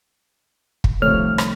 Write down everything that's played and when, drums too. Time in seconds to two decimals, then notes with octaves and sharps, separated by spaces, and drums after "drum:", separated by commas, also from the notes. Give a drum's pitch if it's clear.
0.84 drum: kick
1.02 C2 C3 D#3 F3 A3 C#5 F6
1.38 drum: rim click